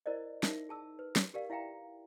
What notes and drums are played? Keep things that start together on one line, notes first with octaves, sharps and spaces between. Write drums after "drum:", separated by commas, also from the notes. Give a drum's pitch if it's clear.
E4 A#4 C5 D5 D#5
D#4 A#4 E5, drum: snare
G#4 A5 E6
B4
drum: snare
G4 A#4 D5 F5
E4 E5 F5 G5 A#5